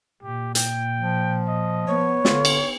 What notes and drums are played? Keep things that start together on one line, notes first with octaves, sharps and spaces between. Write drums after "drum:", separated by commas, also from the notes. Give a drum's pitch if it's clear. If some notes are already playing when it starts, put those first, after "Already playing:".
A#2 G4
G5, drum: hi-hat
F3
D#5
B3 C#5
D3 F4, drum: snare
drum: cymbal